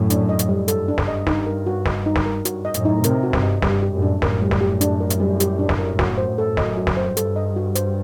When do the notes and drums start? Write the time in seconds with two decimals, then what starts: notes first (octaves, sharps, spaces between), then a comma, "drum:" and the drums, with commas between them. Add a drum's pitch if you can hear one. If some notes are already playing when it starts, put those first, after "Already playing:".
Already playing: F#2 A2
0.10 D4, drum: hi-hat
0.29 D#5
0.39 drum: hi-hat
0.49 G3
0.68 G2 A4, drum: hi-hat
0.88 D4
0.98 drum: snare
1.08 D#5
1.27 D#4, drum: snare
1.46 A#4
1.67 F#4
1.86 D#5, drum: snare
2.06 D#4
2.16 drum: snare
2.26 A#4
2.45 G2 F#4, drum: hi-hat
2.65 D#5
2.74 F#2 A2, drum: hi-hat
2.85 D#4
3.04 A2 C3 A#4, drum: hi-hat
3.23 F#4
3.33 G2, drum: snare
3.43 D#5
3.62 G2 G3, drum: snare
3.82 G4
3.92 F#2 A2
4.02 D4
4.22 F#2 A2 A#4, drum: snare
4.42 G3
4.51 drum: snare
4.61 G4
4.81 D4, drum: hi-hat
5.00 A#4
5.10 drum: hi-hat
5.20 G3
5.40 G4, drum: hi-hat
5.59 D4
5.69 drum: snare
5.78 A#4
5.99 F#4, drum: snare
6.18 C5
6.38 A4
6.57 F#2 D#5, drum: snare
6.77 F#4
6.87 drum: snare
6.97 C5
7.17 G2 A4, drum: hi-hat
7.36 D#5
7.56 F#4
7.75 C5, drum: hi-hat